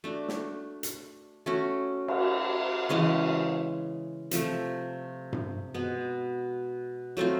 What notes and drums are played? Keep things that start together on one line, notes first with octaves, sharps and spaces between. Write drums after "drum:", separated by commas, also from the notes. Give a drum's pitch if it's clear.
A3 D4 F#4
drum: snare
drum: hi-hat
A3 C#4 F#4
drum: cymbal
C#3 E3 G#3 C#4
C3 F3 A3, drum: hi-hat
drum: tom G2
B2 G#3 B3
F#3 A3 C4 F4